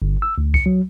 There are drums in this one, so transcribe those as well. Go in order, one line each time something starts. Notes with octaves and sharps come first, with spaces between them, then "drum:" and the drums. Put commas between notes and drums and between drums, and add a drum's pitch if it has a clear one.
G1
E6
D2
C#7, drum: kick C2
F#3